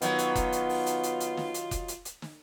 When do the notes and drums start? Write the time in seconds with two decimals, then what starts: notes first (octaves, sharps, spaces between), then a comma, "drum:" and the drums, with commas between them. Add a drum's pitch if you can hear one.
0.02 D#3 F#3 B3 F4, drum: hi-hat
0.19 drum: hi-hat
0.35 drum: kick F1, hi-hat
0.52 drum: hi-hat
0.69 drum: open hi-hat
0.86 drum: hi-hat
1.03 drum: hi-hat
1.20 drum: hi-hat
1.37 drum: snare
1.54 drum: hi-hat
1.71 drum: kick F1, hi-hat
1.88 drum: hi-hat
2.05 drum: hi-hat
2.22 drum: snare